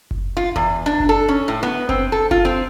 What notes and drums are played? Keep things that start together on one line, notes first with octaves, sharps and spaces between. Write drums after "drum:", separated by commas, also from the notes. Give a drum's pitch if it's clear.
drum: kick F#1
F4
E2, drum: kick F#1
D4
drum: kick F#1
A4
C#4
A2
B3
C4, drum: kick F#1
A4
F4, drum: kick F#1
C4